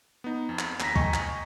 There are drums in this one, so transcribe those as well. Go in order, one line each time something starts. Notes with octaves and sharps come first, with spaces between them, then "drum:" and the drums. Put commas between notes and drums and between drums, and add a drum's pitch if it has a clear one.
B3 D#4
F2
drum: clap
D#2 A#5 A#6 B6, drum: clap
D#5 G5 G#5 A#5 C#6, drum: kick
drum: clap